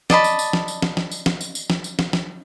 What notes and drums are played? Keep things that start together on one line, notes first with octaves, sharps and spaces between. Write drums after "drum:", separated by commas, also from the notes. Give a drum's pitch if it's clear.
D5 D#5 A5 B5, drum: snare
drum: tambourine
drum: tambourine
drum: snare
drum: tambourine
drum: snare
drum: snare
drum: tambourine
drum: snare
drum: tambourine
drum: tambourine
drum: snare
drum: tambourine
drum: snare
drum: snare